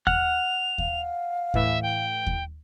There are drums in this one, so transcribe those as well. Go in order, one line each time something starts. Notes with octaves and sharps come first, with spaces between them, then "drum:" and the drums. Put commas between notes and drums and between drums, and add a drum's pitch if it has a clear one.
F#5 F6 F#6 F7, drum: kick D#2
F5, drum: kick D#2
A2 E3 E5, drum: kick D#2
G5
drum: kick D#2